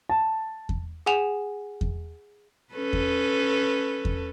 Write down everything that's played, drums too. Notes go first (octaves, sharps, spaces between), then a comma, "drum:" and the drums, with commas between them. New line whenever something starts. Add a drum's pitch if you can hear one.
A5
drum: kick E2
G#4 F#5 G#5 E7 F7
drum: kick E2
C#4 A4 B4
drum: kick E2
drum: kick E2